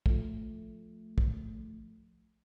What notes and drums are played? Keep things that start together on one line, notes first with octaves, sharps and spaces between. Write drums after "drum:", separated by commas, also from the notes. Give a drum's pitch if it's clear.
F3 A3, drum: kick
drum: kick